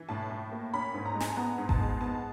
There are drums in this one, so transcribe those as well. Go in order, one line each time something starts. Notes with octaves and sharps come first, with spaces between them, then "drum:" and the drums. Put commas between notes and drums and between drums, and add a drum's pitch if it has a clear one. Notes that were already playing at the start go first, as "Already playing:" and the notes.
Already playing: E3
A2 A5
A2
A#3
C#4 B5
G#2
A#5
G#3
G#5, drum: snare
A5
B3 A#5
G#2
A5, drum: kick G#1
G#3
B3 A5